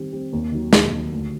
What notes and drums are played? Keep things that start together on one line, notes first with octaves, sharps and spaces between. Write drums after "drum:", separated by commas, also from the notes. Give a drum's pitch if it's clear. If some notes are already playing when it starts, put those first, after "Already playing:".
Already playing: D#3 G3 C4 G4
G3 C4 G4
D#2
D#3 F#3
D#2, drum: snare
D#3 F#3
D2